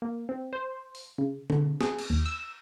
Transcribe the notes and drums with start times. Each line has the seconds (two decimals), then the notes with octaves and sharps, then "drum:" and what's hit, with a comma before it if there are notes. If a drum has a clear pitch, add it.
0.02 A#3
0.29 C4
0.53 C5
0.95 drum: open hi-hat
1.18 C#3
1.50 D3, drum: tom B2
1.81 G#4, drum: snare
1.99 drum: cymbal
2.10 D#2
2.26 E6